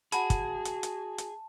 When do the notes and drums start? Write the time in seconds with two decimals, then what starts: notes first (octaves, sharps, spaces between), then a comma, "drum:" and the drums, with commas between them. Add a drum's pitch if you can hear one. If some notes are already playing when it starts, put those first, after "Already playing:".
0.12 F#4 G#4 F#5 A5 B5, drum: hi-hat
0.30 drum: kick, hi-hat
0.65 drum: hi-hat
0.83 drum: hi-hat
1.18 drum: hi-hat